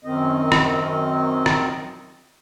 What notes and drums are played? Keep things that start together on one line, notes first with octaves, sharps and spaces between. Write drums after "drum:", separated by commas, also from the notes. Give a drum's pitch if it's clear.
F#2 D#3 C4 D#5
drum: rim click
drum: rim click